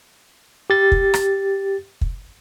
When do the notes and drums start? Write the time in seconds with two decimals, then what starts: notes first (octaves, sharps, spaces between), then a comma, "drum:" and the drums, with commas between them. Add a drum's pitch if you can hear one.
0.70 G4 A6
0.92 drum: kick
1.14 drum: rim click
2.01 drum: kick